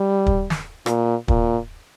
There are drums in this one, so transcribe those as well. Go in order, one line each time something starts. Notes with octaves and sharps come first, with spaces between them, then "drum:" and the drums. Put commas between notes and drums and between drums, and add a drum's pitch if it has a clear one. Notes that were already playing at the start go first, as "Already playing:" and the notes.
Already playing: G3
drum: kick
drum: snare
A#2, drum: rim click
A#2, drum: kick